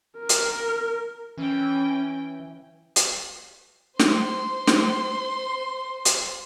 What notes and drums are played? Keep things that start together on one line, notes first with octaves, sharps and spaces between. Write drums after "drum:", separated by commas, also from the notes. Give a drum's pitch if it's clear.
A#4
drum: hi-hat
E3 C#4 G5
drum: hi-hat
C5 C6, drum: snare
drum: snare
drum: hi-hat